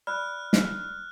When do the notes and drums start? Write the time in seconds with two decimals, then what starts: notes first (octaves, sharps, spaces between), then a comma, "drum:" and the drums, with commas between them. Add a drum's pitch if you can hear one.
0.07 D5 B5 F6 F#6
0.53 drum: snare